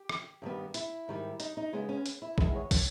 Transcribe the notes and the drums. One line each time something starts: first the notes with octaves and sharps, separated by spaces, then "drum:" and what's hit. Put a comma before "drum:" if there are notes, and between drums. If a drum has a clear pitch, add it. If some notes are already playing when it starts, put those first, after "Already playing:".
Already playing: G4
drum: rim click
G2 D#3 G3 B3
E4, drum: hi-hat
G#2 D#3 G3
D#4, drum: hi-hat
D#4
C#3 G#3 B3
C#4
drum: hi-hat
E4
E2 D#3 G#3 B3 E4, drum: kick
C#5
drum: kick, open hi-hat